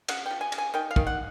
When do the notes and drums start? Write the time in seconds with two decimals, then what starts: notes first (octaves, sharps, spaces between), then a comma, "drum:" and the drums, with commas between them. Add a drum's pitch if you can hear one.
0.08 C#3 F#5, drum: cymbal
0.26 F3 G5
0.41 G#5
0.52 C#3, drum: cymbal
0.58 G#5
0.74 D#3 G5
0.91 F5
0.96 D#3, drum: kick
1.07 F#5